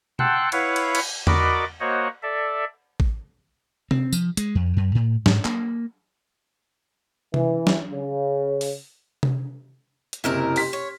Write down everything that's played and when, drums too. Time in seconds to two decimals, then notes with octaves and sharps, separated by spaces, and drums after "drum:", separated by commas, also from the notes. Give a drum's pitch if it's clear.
0.19 F#5 G5 A5 C6 E6 F#6, drum: tom B2
0.52 E4 B4 C#5 F5 F#5, drum: cymbal
0.76 drum: cymbal
0.95 drum: cymbal
1.27 F#4 A#4 D5 D#5 B5 D6, drum: tom E2
1.80 A#3 F#4 C5 C#5 D#5 F#5
2.23 A4 D5 E5
3.00 drum: kick A1
3.91 C4, drum: tom C3
4.13 F3, drum: tambourine
4.37 G#3, drum: hi-hat
4.55 F2
4.77 F#2
4.95 A2
5.26 G#2, drum: snare
5.45 A#3, drum: clap
7.34 E3, drum: tom C3
7.67 drum: snare
7.92 C#3
8.61 drum: open hi-hat
9.23 drum: tom C3
10.13 drum: hi-hat
10.24 F#1 C3 E4 A#4 D#5 F6
10.56 G4 C6 B6, drum: open hi-hat
10.73 C#5